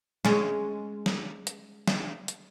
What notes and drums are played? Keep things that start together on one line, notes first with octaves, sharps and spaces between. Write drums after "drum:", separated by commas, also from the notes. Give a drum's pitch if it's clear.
G#3 C#4, drum: snare
drum: snare
drum: hi-hat
drum: snare
drum: hi-hat